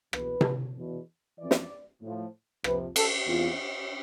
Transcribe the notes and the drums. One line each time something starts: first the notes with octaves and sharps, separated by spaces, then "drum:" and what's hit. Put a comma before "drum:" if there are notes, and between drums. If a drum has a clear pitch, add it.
E2 B2 B4, drum: rim click
drum: tom C3
E2 B2
F2 E3 D5
drum: snare
A2 F3
F2 C3 F3 B4, drum: rim click
A4, drum: cymbal
E2 C3 E3 F4